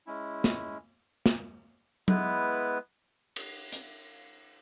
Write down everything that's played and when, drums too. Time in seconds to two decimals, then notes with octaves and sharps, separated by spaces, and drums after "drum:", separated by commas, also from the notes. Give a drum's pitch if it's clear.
0.07 G#3 C#4 E4
0.44 drum: snare
1.26 drum: snare
2.08 G#3 B3 E4 B4, drum: tom F#3
3.36 drum: cymbal
3.72 drum: hi-hat